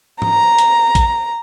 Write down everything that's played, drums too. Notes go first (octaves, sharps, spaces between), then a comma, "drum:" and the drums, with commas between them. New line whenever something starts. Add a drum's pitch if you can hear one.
A#5, drum: tom G#2
drum: hi-hat
drum: kick A#1, hi-hat